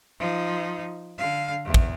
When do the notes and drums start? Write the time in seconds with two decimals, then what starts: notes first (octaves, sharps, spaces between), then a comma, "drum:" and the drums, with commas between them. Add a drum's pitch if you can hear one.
0.19 F3 D#4
1.18 D3 F5
1.65 E2
1.74 drum: kick